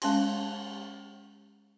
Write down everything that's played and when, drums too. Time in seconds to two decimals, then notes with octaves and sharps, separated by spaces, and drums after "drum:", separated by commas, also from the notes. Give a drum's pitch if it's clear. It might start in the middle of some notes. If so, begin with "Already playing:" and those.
0.02 G#3 C#4 A5 C6, drum: cymbal